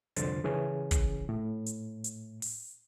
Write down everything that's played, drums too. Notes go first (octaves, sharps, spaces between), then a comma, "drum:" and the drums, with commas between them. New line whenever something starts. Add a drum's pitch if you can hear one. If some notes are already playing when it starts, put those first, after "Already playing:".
C2 F2 D3 C5 A6, drum: hi-hat
C#3 E3 C#4 G#4
drum: kick, hi-hat
A2
drum: hi-hat
drum: hi-hat
drum: open hi-hat